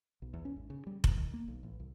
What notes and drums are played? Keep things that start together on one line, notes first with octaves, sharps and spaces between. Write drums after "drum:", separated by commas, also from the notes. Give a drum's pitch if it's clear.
B1
E2
C#4
G#1
C#3
G3
D#1, drum: kick F1
D#3
A#3
B1
A1
C2